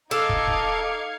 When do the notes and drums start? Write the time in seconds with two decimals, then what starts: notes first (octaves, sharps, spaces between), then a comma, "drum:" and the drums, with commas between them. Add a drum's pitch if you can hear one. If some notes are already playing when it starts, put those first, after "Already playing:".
0.11 D#4 A4 D#5 F5 D6 G#6 C#7
0.29 drum: kick
0.47 drum: kick